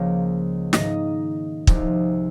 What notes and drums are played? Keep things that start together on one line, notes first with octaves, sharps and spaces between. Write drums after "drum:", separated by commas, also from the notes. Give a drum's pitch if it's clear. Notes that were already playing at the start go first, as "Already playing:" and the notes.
Already playing: C#2 C#3 F3 A#3 C#4
G#2 D#3 A#3 D#4 D#5, drum: snare
C2 C3 F3 G#3 D#4, drum: kick